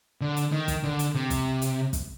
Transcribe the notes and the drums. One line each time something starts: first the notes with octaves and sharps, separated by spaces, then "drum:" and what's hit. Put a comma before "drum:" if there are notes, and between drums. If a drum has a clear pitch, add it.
D3
drum: hi-hat
D#3
drum: kick, hi-hat
D3
drum: hi-hat
C3
drum: kick, hi-hat
drum: hi-hat
drum: kick, hi-hat